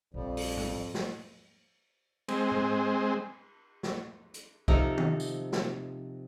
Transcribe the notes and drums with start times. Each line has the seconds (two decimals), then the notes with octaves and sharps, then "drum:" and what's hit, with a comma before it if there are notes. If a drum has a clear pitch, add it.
0.14 A#1 F2 F3 G3
0.37 drum: open hi-hat
0.57 drum: tom G#2
0.95 drum: snare
2.28 G#3 C4, drum: cymbal
2.51 drum: tom G#2
3.83 drum: snare
4.34 drum: hi-hat
4.68 C3 F3 D#4 A4 A#4, drum: kick B1
4.98 drum: tom
5.20 drum: tambourine
5.53 drum: snare